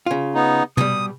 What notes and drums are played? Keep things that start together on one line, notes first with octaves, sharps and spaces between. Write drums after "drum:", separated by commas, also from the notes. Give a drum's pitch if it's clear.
C#3 F4
B3 D#4
B2 G3 D#6, drum: tom